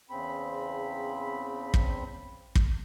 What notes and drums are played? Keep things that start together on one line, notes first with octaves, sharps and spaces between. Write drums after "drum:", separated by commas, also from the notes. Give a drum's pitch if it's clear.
E2 C#3 C4 B5
drum: kick
drum: kick